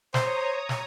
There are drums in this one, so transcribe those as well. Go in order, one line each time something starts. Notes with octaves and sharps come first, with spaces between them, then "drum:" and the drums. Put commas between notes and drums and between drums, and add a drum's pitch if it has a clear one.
C5 C#5 A#5 D#6, drum: snare
drum: snare